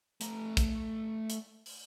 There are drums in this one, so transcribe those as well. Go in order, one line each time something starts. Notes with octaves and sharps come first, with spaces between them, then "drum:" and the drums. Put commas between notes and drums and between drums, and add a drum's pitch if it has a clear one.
A3 A#5, drum: hi-hat
drum: kick, hi-hat
drum: hi-hat
drum: open hi-hat